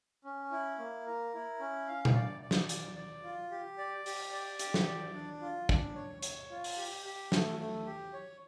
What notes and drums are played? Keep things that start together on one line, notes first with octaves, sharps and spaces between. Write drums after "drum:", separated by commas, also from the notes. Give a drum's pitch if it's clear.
C#4
E4
A#3
A#4
E4
C#4
F5
drum: tom A#2
D5
D5
drum: snare
D5, drum: hi-hat
D5
F4
G4
D5
G4, drum: open hi-hat
D5
G4, drum: hi-hat
drum: snare
D5
D4
F4
D4, drum: kick
C#5
C#5, drum: hi-hat
F4
drum: open hi-hat
G4
G4
A3, drum: snare
A3
G4
C#5